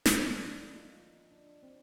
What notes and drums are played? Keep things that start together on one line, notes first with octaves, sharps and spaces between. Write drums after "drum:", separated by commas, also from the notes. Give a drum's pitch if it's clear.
D3 F3 A#3 C4, drum: snare
D4
D#4
F4
D#4
D4
C4